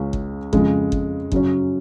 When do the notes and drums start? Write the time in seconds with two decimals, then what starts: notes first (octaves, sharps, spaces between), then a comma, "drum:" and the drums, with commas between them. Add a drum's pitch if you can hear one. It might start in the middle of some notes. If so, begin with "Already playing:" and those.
Already playing: C#2 C#3 G#3 C#4
0.13 drum: kick G1
0.53 F2 C#3 G#3, drum: kick G1
0.92 drum: kick G1
1.32 F#2 C#3 F#3 C#4, drum: kick G1